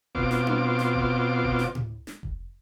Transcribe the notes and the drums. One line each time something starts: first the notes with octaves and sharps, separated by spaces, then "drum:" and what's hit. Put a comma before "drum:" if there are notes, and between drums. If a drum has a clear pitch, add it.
B2 C4 F4 D6, drum: kick F1
drum: snare
drum: tom D4
drum: snare
drum: kick F1
drum: kick F1
drum: snare
drum: tom A2
drum: snare
drum: kick F1